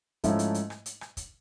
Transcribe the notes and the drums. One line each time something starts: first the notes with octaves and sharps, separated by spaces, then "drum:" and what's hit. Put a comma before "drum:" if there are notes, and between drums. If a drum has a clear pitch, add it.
G#2 F3 A3 C#4 E4, drum: kick, hi-hat
drum: hi-hat
drum: hi-hat
drum: rim click
drum: hi-hat
drum: rim click
drum: kick, hi-hat